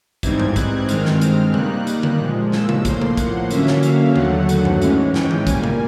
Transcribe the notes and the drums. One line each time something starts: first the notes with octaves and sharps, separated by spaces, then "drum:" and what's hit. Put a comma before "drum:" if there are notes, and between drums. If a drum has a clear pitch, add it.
G#2 E3 G3 C4 D#4 G#6, drum: kick, hi-hat
drum: tom F#2
F#6, drum: kick, hi-hat
G2 D#3 G#3 C4 F6, drum: hi-hat
drum: snare
drum: hi-hat
D#3 G3 A#3 D#4 F#6, drum: tom C3
drum: hi-hat
drum: tom D3
A#2 F3 G#3
E6, drum: snare
drum: tom C3
A2 F3 A#3 C6, drum: kick, hi-hat
drum: tom C3
F#5, drum: kick, hi-hat
D3 F#3 A#3 C#4 E5, drum: hi-hat
drum: snare
F5, drum: hi-hat
D#2 D3 F#3 A3 F#5, drum: tom D#3
drum: hi-hat
drum: tom F#2
G#2 E3 G#3 C#4, drum: hi-hat
G5, drum: snare
drum: tom D#3
A#2 G3 A#3 G#5, drum: kick, hi-hat
drum: tom C3